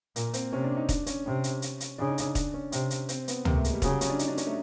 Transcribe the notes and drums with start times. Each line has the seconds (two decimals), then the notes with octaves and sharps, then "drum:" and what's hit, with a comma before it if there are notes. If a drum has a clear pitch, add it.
0.16 A#2 A#3, drum: hi-hat
0.34 C4, drum: hi-hat
0.52 C3 C#4
0.64 D4
0.77 D#4
0.89 D4, drum: kick, hi-hat
1.06 C#4, drum: hi-hat
1.26 C3
1.44 drum: hi-hat
1.62 drum: hi-hat
1.80 drum: hi-hat
1.98 C#3 D4
2.07 D#4
2.18 D4, drum: hi-hat
2.26 D#4
2.35 D4, drum: kick, hi-hat
2.54 C#4
2.72 C3, drum: hi-hat
2.90 drum: hi-hat
3.09 C4, drum: hi-hat
3.28 B3, drum: hi-hat
3.45 C3 A#3, drum: tom
3.55 A3
3.64 G#3, drum: hi-hat
3.73 G3
3.82 C#3 F#3, drum: kick, hi-hat
3.91 G3
4.01 C#4, drum: hi-hat
4.10 D4
4.19 D#4, drum: hi-hat
4.28 D4
4.38 C#4, drum: hi-hat
4.47 A3